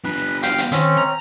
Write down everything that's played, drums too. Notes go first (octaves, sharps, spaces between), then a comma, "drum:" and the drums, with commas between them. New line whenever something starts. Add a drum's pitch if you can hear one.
B3 D4 B4
F5 G5, drum: hi-hat
drum: hi-hat
D#3 C4 C#4, drum: hi-hat
A#5